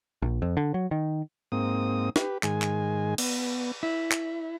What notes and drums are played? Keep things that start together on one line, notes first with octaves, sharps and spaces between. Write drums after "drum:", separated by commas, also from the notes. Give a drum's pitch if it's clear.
A#1
F2
D3
F#3
D#3
G#2 A#3 C4 D#6
G4 B4, drum: snare
G#2 D#3 G#3 G#5, drum: clap
drum: clap
B3, drum: cymbal
E4
drum: clap